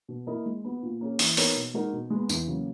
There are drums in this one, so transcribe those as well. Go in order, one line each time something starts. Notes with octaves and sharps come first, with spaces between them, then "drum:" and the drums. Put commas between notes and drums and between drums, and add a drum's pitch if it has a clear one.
B2
A#3 E4 A#4 D#5
G#3
B3 F#4
A#2
A#3 C#4 G#4
E3, drum: open hi-hat
B3 D#4 A#4 C#5, drum: open hi-hat
B2
G#3 D#4 F#4 A#4
B2
G#3 B3
E2, drum: tambourine
C#3 F#3 A#3